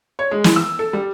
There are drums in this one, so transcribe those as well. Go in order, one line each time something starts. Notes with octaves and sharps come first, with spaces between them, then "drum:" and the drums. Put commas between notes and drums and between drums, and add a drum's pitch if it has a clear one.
C#5
G#3
E3, drum: snare
E6
A4
G3